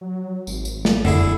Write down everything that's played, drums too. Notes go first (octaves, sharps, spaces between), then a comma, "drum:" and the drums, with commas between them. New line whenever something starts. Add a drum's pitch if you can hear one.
F#3
G#1, drum: tambourine
drum: tambourine
drum: snare
D#1 D3 E4 G#4, drum: tom F2